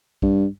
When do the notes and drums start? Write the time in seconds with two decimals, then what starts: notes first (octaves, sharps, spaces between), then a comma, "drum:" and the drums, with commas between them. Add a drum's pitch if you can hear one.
0.22 G2, drum: kick A#1